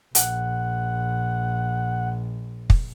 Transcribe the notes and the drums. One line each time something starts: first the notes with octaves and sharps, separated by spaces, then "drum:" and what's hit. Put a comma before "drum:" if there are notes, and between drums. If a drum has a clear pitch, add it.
A#1 F#5, drum: hi-hat
drum: kick